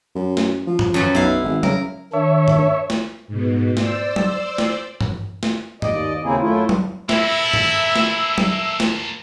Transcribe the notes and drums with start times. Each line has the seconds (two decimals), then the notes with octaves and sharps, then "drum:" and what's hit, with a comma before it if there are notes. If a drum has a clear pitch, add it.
0.15 F#2
0.37 drum: snare
0.67 F3
0.79 drum: tom G2
0.94 F#2 F#3 B4
1.15 B1 E4 F5
1.42 G#1
1.63 C#3 A#4, drum: tom F#3
2.13 D#3 D4 C#5 E5
2.48 drum: tom G2
2.90 drum: snare
3.28 G#2 B2
3.77 C5 D5 E6, drum: snare
4.16 drum: tom F#3
4.58 drum: snare
5.01 drum: tom G2
5.43 drum: snare
5.82 D#2 D5 D#5, drum: tom G2
6.23 D#2 C#3 A#3 C4 E4 G#4
6.41 F#2 A3 E4 F4
6.69 drum: tom F#3
7.09 A#3 E4 A4 E5, drum: snare
7.53 drum: tom G2
7.96 drum: snare
8.38 drum: tom F#3
8.80 drum: snare